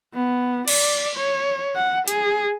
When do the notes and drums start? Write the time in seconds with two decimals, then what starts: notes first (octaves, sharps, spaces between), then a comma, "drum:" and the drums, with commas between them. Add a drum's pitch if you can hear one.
0.14 B3
0.68 D5, drum: cymbal
1.15 C#5
1.75 F#5
2.08 G#4, drum: hi-hat